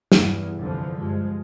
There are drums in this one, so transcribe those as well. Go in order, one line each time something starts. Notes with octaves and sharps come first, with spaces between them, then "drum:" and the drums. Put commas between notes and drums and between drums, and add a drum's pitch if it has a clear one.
E2 G2, drum: snare
C2 F2 D3 E3 F3
G2 F3 G#3